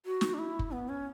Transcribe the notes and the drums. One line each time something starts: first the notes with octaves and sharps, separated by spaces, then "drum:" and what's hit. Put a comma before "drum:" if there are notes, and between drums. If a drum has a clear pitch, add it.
F#4
drum: snare
D4
E4
drum: kick
B3
C#4